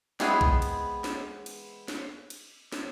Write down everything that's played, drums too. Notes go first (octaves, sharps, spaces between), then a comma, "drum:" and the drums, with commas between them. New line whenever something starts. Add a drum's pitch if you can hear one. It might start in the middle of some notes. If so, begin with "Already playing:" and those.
E3 G#3 B3 C4 G#4, drum: snare
drum: kick A#1
drum: cymbal
drum: snare
drum: cymbal
drum: snare
drum: cymbal
drum: snare